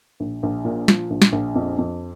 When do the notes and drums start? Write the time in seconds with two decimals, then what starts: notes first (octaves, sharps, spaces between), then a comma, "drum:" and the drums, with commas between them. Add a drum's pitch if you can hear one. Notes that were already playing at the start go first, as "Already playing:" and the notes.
0.20 A#1
0.43 A#1
0.65 A#2
0.88 F3, drum: snare
1.10 A#1
1.22 drum: snare
1.32 A#1
1.55 F2
1.78 F2